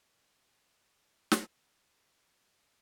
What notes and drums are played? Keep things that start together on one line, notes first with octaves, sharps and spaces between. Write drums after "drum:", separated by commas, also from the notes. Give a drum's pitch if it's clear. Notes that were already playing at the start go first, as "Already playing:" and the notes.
F4 C#5
drum: snare
D5 E5 F5